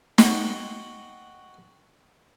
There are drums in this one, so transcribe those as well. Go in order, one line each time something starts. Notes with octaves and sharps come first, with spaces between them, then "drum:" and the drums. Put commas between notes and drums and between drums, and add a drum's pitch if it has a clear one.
F#4 D#5 F#5 G5, drum: snare